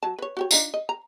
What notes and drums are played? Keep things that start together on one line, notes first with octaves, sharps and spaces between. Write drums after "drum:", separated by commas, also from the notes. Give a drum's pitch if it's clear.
F#3 A5
B4 C#5
F#4 G4 C#5
D4 D#4 F4, drum: tambourine
D#5
A#5